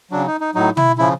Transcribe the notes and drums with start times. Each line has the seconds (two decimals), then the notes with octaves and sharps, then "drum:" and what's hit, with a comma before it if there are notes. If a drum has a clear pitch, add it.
0.11 C#3 F#3 D4
0.27 D#4
0.41 D#4
0.55 A2 F#3 D#4
0.77 E4, drum: tom
0.98 C#3 F3 E4